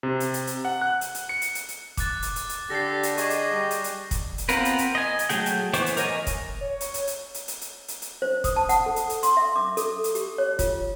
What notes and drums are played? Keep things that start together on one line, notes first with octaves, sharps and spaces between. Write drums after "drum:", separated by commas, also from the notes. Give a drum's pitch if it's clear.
C3
drum: hi-hat
drum: hi-hat
drum: hi-hat
F#5
F#6
drum: hi-hat
drum: hi-hat
C#7
drum: hi-hat
drum: hi-hat
drum: hi-hat
D6 F#6 A6, drum: kick, hi-hat
drum: hi-hat
drum: hi-hat
drum: hi-hat
D3 G4 A4 A#6 C7
drum: hi-hat
G#4 D#5 C#6 D6, drum: hi-hat
drum: hi-hat
G3
drum: hi-hat
drum: hi-hat
drum: kick, hi-hat
drum: hi-hat
B3 C4 F4 A#4 B4, drum: hi-hat
drum: hi-hat
drum: hi-hat
D#5 G#5
drum: hi-hat
F#3 A3 G#4 G5, drum: hi-hat
drum: hi-hat
E3 B3 C5 C#6 D6, drum: hi-hat
drum: hi-hat
A#4 C#5 D#5 G#5, drum: hi-hat
drum: kick, hi-hat
C#5
drum: hi-hat
drum: hi-hat
drum: hi-hat
drum: hi-hat
drum: hi-hat
drum: hi-hat
drum: hi-hat
drum: hi-hat
C5
D#6, drum: kick, hi-hat
A5
F#5, drum: hi-hat
A4
drum: hi-hat
drum: hi-hat
C6, drum: hi-hat
E5
D6
A4, drum: hi-hat
drum: hi-hat
G4, drum: hi-hat
C#5
F4, drum: kick, hi-hat